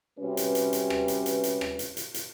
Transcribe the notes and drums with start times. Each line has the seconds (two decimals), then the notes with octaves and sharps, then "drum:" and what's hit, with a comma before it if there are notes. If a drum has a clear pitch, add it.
0.19 C3 G3 C#4 F#4 B4
0.37 drum: hi-hat
0.55 drum: hi-hat
0.73 drum: hi-hat
0.90 drum: rim click
1.08 drum: hi-hat
1.26 drum: hi-hat
1.43 drum: hi-hat
1.61 drum: rim click
1.79 drum: hi-hat
1.97 drum: hi-hat
2.14 drum: hi-hat